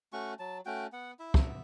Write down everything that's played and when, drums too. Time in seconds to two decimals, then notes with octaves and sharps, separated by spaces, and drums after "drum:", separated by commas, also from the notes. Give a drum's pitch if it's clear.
0.13 A3 C#4 F#4 C#6
0.39 F#3 A5
0.65 A3 C#4 F#4 G5
0.92 B3 F#5
1.19 E4 E5
1.34 drum: kick
1.45 B3